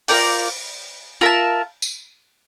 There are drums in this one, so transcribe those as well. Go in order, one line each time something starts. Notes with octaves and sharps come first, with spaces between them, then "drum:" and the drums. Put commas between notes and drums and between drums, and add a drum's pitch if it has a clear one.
F4 A#4 D5 G5, drum: open hi-hat
F4 A#4 E5 A5
drum: tambourine